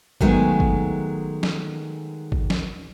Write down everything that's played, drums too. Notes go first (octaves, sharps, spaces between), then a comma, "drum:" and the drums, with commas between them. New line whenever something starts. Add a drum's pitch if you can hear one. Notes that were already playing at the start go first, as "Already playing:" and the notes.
D#3 F#3 G#3 A3 B3 G#4, drum: kick G#1
drum: kick G#1
drum: snare
drum: kick G#1
drum: snare